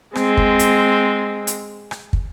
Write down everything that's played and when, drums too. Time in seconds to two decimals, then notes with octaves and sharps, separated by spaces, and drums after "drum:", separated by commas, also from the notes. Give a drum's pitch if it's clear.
0.15 G#3 C4, drum: rim click
0.37 drum: kick
0.59 drum: hi-hat
1.47 drum: hi-hat
1.91 drum: rim click
2.13 drum: kick